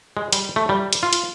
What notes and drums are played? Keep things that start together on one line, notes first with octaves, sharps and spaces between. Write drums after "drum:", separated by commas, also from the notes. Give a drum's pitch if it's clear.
G#3
G3, drum: hi-hat
A3
G3
drum: hi-hat
F4
drum: hi-hat